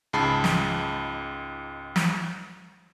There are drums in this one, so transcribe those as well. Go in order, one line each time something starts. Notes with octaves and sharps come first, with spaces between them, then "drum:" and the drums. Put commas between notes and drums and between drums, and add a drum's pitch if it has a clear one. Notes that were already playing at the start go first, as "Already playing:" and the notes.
C#2 G#2 G#4 A5 B5 C7
drum: snare
drum: snare